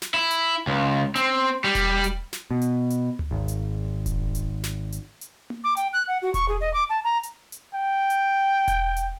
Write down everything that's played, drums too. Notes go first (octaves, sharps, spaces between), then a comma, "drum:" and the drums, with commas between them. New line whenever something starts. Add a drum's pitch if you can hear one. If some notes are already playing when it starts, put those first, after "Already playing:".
drum: snare
E4
drum: hi-hat
C#2
C4, drum: hi-hat
G3
drum: kick E1, hi-hat
drum: hi-hat
drum: snare
B2
drum: hi-hat
drum: hi-hat
drum: tom D2
G#1
drum: hi-hat
drum: kick E1, hi-hat
drum: hi-hat
drum: snare
drum: hi-hat
drum: hi-hat
drum: tom A#3
D6
G5, drum: hi-hat
F#6
F#5
F#4
C#6, drum: kick E1, hi-hat
G#4
D#5
D6
A5
A#5
drum: hi-hat
drum: hi-hat
G5
drum: hi-hat
drum: kick E1, hi-hat
drum: hi-hat